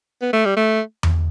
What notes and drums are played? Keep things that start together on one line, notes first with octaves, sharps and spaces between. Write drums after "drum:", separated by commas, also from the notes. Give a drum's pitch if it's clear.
B3
A3
G3
A3
drum: tom E2